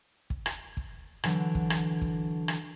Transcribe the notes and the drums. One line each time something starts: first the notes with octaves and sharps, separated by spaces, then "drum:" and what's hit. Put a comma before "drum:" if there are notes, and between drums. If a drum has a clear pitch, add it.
drum: kick
drum: rim click
drum: kick
D3 E3 F#3, drum: rim click
drum: kick
drum: rim click
drum: kick
drum: rim click